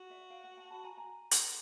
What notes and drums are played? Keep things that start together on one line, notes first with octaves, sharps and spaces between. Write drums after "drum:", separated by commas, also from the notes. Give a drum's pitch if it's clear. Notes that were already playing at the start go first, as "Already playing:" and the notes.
Already playing: F#4
D5 E5
F5 G5
F#5 G#5
G5 A5
A5 B5
G#5 A#5
G#5 A#5
drum: hi-hat